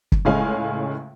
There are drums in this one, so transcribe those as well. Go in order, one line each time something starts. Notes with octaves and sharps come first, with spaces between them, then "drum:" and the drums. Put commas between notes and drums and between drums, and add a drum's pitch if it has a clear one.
drum: kick
C#2 A2 G#3 C#4 F5 G#5